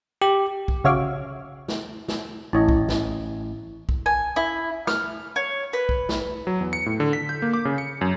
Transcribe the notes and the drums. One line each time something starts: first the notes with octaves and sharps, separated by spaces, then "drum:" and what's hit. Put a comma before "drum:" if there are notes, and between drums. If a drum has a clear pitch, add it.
G4
drum: kick B1
C#3 F#4 C#5 E5 F5 D6
drum: snare
drum: snare
A1 E4 C#5 D#5
drum: kick B1
drum: snare
drum: kick B1
G#5
E4
F6, drum: snare
C#5
B4
drum: kick B1
drum: snare
F#3
E2
C#7
A2
D3
B6
G6
A#3
D6
C#3
C#7
F#2